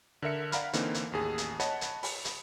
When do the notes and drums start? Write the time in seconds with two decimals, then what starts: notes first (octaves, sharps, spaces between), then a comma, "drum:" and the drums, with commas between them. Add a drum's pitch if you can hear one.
0.22 D3 A#4 E5 C#7
0.52 D5 F5 F#5 A#5 B5 F6, drum: hi-hat
0.73 D3 E3 A#3 C4 D#4, drum: hi-hat
0.94 drum: hi-hat
1.12 A1 D#2 G#4
1.38 drum: hi-hat
1.60 C#5 D#5 F#5 A5 B5, drum: hi-hat
1.81 drum: hi-hat
2.03 B5, drum: open hi-hat
2.25 drum: hi-hat